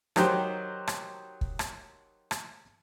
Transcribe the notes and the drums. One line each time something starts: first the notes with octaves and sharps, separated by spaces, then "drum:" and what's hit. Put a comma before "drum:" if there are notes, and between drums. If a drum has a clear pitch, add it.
D#3 F#3 D#4 G4 C5, drum: rim click
drum: rim click
drum: kick
drum: rim click
drum: rim click